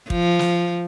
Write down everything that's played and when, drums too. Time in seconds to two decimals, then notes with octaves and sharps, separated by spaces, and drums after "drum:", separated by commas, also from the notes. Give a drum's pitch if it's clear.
0.10 F3, drum: kick
0.39 drum: snare